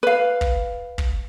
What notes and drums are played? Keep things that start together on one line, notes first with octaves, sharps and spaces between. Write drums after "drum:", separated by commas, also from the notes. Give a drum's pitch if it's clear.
B4 F5
drum: kick
drum: kick